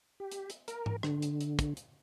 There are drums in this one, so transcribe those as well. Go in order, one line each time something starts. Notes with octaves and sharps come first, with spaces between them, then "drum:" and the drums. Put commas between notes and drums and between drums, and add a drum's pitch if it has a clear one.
G4
drum: hi-hat
drum: hi-hat
A#4, drum: hi-hat
drum: tom G#2
D3, drum: rim click
drum: hi-hat
drum: hi-hat
drum: kick, hi-hat
drum: hi-hat